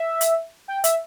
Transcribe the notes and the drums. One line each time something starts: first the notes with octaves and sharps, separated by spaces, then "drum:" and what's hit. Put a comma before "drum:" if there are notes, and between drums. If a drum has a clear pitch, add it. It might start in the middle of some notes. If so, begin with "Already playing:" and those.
Already playing: E5
drum: hi-hat
G5
E5, drum: hi-hat